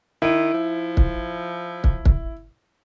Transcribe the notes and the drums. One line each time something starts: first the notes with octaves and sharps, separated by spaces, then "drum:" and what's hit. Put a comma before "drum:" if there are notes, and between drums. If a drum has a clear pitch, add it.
D#3 E4
F3
drum: kick
drum: kick
drum: kick